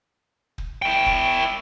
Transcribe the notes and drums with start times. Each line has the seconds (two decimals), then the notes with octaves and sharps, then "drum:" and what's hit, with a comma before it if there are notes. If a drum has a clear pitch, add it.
0.58 drum: kick
0.82 E4 G5
1.06 drum: kick